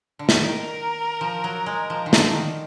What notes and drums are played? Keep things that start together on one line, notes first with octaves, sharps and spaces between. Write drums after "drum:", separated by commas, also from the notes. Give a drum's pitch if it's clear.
D3
D#3 A#4, drum: snare
F3
F#3
G#3
F3
D#3
D3, drum: snare
D#3